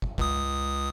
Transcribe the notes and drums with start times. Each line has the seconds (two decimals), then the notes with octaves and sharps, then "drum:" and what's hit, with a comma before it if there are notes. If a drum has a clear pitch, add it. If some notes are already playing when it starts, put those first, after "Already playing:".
0.02 drum: kick
0.18 C#2 D#6, drum: kick